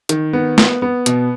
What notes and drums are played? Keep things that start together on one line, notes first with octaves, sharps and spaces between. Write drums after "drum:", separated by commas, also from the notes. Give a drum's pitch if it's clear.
D#3, drum: hi-hat
B3
B3, drum: snare
B3
B2, drum: hi-hat